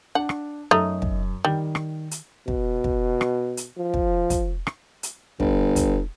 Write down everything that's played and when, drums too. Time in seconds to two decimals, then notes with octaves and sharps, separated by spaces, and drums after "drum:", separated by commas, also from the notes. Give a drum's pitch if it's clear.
0.15 D4 F#5
0.29 drum: rim click
0.71 F#2 A3 D#4
1.02 drum: kick
1.45 D#3 G3
1.75 drum: rim click
2.11 drum: hi-hat
2.48 B2, drum: kick
2.84 drum: kick
3.21 drum: rim click
3.57 drum: hi-hat
3.78 F3
3.94 drum: kick
4.30 drum: kick, hi-hat
4.67 drum: rim click
5.03 drum: hi-hat
5.40 G1, drum: kick
5.76 drum: kick, hi-hat